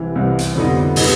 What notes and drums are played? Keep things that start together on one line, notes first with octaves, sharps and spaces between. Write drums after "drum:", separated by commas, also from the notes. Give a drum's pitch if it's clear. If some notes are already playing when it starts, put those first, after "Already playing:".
Already playing: C2 C3 E3
C2 C3 E3
drum: hi-hat
F2 D3 G3 B3 D#4
D3 G3 B3 D#4, drum: open hi-hat